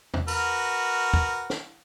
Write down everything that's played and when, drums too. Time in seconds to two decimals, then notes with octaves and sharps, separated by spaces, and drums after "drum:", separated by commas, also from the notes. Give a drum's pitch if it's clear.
0.14 drum: tom E2
0.28 F#4 A#4 B4, drum: tambourine
1.14 drum: kick
1.50 drum: snare